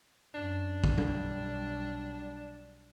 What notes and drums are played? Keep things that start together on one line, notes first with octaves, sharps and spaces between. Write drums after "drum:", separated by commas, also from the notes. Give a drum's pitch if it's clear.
F#2 D4
B1 G3, drum: kick
drum: tom F#3